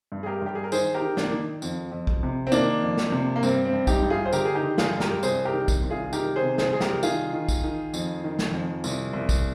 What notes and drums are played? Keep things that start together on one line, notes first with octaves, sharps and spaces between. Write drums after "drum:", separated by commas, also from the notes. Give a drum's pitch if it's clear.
G2
G#4
G4 A#4
G2 G4
G#4
A#4
D#3 G#4 C5, drum: tambourine
G4 A#4
D#3
A#3 D4, drum: snare
D#3
F2, drum: tambourine
F2
drum: kick
C3
C4
D#3 A#3 D4, drum: tambourine
F2
drum: snare
C3
A#3
G2 C4, drum: tambourine
C4
G2
D#4 G4, drum: kick, tambourine
G2
F4 G#4
C5
D3 G4 A#4, drum: tambourine
G#4
D#4 G4
D3
F4 G#4, drum: snare
G2
G4 A#4, drum: snare
C2 G#4 C5, drum: tambourine
G4 A#4
D#3
drum: kick, tambourine
C2
F4 G#4
D#3 G4 A#4, drum: tambourine
G#4 C5
C3
G#4 C5, drum: snare
C2 G#4
G4 A#4, drum: snare
D#3 F4 G#4, drum: tambourine
D#3
drum: kick, tambourine
D#3
F2, drum: tambourine
D#3
drum: snare
F2
C2, drum: tambourine
C2
drum: kick, tambourine